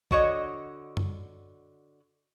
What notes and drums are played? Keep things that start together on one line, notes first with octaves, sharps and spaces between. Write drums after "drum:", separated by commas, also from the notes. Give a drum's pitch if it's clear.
D3 F#4 C#5 D#5, drum: kick A#1
drum: tom F#2